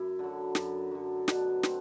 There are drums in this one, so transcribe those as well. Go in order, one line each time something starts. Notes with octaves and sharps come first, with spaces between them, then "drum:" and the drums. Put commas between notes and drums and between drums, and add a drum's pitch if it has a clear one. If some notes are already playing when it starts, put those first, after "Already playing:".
Already playing: F#2 E4
D3 F#3
F#2, drum: snare
D3 F#3
B2 D4, drum: snare
A3 C4, drum: snare